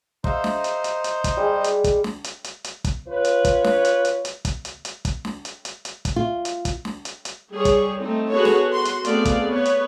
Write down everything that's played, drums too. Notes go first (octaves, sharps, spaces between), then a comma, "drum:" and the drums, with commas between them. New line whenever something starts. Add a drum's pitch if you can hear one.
D#4 C5 E5 F5 E6, drum: kick
drum: snare
drum: hi-hat
drum: hi-hat
drum: hi-hat
drum: kick, hi-hat
G3 G#3 G#4
drum: hi-hat
drum: kick, hi-hat
drum: snare
drum: hi-hat
drum: hi-hat
drum: hi-hat
drum: kick, hi-hat
F4 B4 C#5
drum: hi-hat
drum: kick, hi-hat
drum: snare
drum: hi-hat
drum: hi-hat
drum: hi-hat
drum: kick, hi-hat
drum: hi-hat
drum: hi-hat
drum: kick, hi-hat
drum: snare
drum: hi-hat
drum: hi-hat
drum: hi-hat
drum: kick, hi-hat
F4
drum: hi-hat
drum: kick, hi-hat
drum: snare
drum: hi-hat
drum: hi-hat
G3 G#4 C#5
drum: kick, hi-hat
A3 C4 D#4
B3 F#4 G#4 A4 B4 C#5
drum: snare
F#4 C6
drum: hi-hat
A3 B3 C4 G#4 D5 F5, drum: hi-hat
drum: kick, hi-hat
B3 B4 C#5
drum: hi-hat